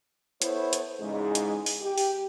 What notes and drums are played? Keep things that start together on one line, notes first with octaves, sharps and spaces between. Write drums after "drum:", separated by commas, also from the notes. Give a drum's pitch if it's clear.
B3 E4 A4 C5 C#5, drum: hi-hat
drum: hi-hat
E2 G#2 C#3 G#3
drum: hi-hat
drum: open hi-hat
G4
drum: open hi-hat